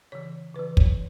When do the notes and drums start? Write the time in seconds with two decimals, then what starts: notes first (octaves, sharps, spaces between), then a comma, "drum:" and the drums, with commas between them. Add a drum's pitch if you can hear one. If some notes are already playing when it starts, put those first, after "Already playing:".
0.12 C#3 E3 C#5
0.55 C#3 E3 B4
0.77 C#5, drum: kick